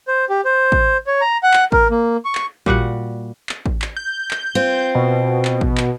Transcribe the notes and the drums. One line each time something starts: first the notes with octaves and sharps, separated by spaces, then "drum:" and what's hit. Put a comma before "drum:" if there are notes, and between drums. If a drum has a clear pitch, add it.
C5
G4
C5
drum: kick A1
C#5
A#5
F#5
drum: clap
A#4, drum: kick A1
A#3
C#6
drum: clap
A#2 G3 F#4 F#5, drum: kick A1
drum: clap
drum: kick A1
drum: clap
G6
drum: clap
C4 F4
B2
drum: clap
drum: kick A1
drum: clap